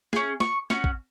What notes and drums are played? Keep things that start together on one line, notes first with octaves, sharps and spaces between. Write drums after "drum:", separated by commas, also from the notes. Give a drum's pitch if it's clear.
C#4 G#4, drum: snare
C#6, drum: snare
C#4 F#4, drum: snare
drum: kick